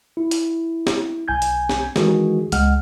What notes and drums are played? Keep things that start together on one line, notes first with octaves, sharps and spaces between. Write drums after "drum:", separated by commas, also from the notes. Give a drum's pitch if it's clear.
E4
drum: hi-hat
drum: snare
B1 G#5 G6 G#6
drum: hi-hat
drum: snare
D#3 E3 G#3 F#4 G#4, drum: snare
C#2 G#3 F#5 F6, drum: hi-hat